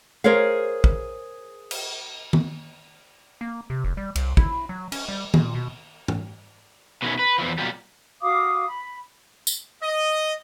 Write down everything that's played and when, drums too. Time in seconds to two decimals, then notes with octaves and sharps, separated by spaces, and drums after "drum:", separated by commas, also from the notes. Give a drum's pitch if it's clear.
0.24 G#4 A#4 C5 C#5 F5
0.84 drum: kick
1.71 drum: cymbal
2.33 drum: tom D#3
3.41 A#3
3.70 C3
3.84 F1
3.97 G3
4.15 C2, drum: cymbal
4.37 E4, drum: kick
4.69 F#3
4.92 C#4, drum: cymbal
5.08 G3
5.34 A#2, drum: tom D#3
5.55 B2
6.08 drum: tom G#2
7.02 B2 D#3 F#3 A3 C#4 E4
7.19 B4
7.38 E2 E3 F3
7.58 B2 F#3 G3 F4 G4
8.21 F#4 F5 D6 D#6
8.65 B5
9.47 drum: tambourine
9.83 D#5